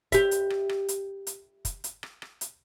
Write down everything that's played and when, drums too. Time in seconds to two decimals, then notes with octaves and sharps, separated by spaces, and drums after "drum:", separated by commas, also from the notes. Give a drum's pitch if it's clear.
0.12 G4 E5, drum: kick, hi-hat
0.31 drum: hi-hat
0.50 drum: rim click
0.69 drum: rim click
0.88 drum: hi-hat
1.27 drum: hi-hat
1.65 drum: kick, hi-hat
1.84 drum: hi-hat
2.03 drum: rim click
2.22 drum: rim click
2.41 drum: hi-hat